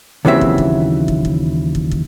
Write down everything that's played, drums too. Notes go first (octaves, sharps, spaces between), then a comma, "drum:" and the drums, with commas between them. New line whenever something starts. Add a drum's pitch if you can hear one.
D#2 C#3 E3 F#3 C4 E5
drum: kick
drum: kick
drum: kick
drum: kick
drum: kick
drum: kick